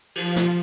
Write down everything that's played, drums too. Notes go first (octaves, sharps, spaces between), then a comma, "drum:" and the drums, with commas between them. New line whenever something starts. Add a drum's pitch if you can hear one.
F3, drum: cymbal
drum: snare